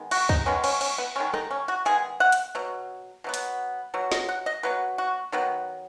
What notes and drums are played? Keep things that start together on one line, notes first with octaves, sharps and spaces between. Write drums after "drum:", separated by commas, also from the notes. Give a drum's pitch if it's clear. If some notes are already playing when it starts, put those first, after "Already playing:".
Already playing: D#3 G#3 B3
F#4, drum: cymbal
D#4, drum: kick
D#3 G#3 B3 C#4
C#4, drum: cymbal
C#4, drum: cymbal
B3
D#3 G#3 B3 C#4
D#4, drum: rim click
C#4
F#4
D#3 G#3 B3 G#4
F#5
drum: hi-hat
B2 F#3
B2 F#3 B3
drum: hi-hat
B2 F#3
D#5, drum: snare
F#5
D#5
B2 F#3 B3 B4
F#4
D#3 F#3 B3